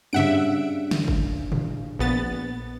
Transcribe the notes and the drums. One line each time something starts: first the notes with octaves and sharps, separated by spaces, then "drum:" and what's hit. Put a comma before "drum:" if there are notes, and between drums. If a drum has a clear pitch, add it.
G2 C#3 E5 F#5 D7
drum: snare
drum: kick
drum: tom G#2
A#1 B3 A6